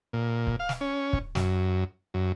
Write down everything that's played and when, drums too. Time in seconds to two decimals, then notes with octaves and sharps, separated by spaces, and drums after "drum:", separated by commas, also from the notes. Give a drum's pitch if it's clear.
0.13 A#2
0.47 drum: kick
0.59 F5
0.69 drum: snare
0.81 C#4
1.13 drum: kick
1.35 F#2, drum: snare
2.14 F#2